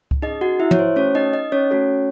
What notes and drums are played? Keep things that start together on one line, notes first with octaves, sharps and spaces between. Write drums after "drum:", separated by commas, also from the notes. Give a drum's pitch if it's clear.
drum: kick C#2
C#4 D#4 G#4 D#5
F#4 F#5
E4 E5
C#5, drum: tom
C5
A3 C#4 F#4 A4 C#5
D#4 D#5
D#4 D#5
C#4 C#5
A3 C#4 F#4 A4